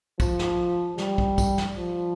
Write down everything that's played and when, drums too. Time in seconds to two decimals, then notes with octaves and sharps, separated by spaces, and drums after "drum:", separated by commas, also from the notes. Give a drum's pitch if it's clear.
0.20 F3, drum: kick, tambourine
0.39 drum: snare
0.98 G3, drum: snare
1.18 drum: kick
1.38 drum: kick, tambourine
1.58 drum: snare
1.77 F3